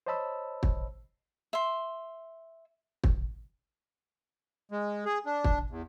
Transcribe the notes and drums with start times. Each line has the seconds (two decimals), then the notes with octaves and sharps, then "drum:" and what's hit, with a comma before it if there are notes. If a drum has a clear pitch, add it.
0.06 C5 C#5 D#5 A5 B5 E6
0.63 drum: kick
1.53 E5 C6
3.04 drum: kick
4.71 G#3
5.05 G#4
5.26 D4
5.44 drum: kick
5.70 E2